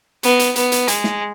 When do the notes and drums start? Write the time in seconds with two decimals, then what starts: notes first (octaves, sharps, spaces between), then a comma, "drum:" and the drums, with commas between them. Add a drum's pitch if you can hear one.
0.23 B3, drum: hi-hat
0.39 drum: hi-hat
0.56 B3, drum: hi-hat
0.72 drum: hi-hat
0.88 G#3, drum: hi-hat
1.04 drum: snare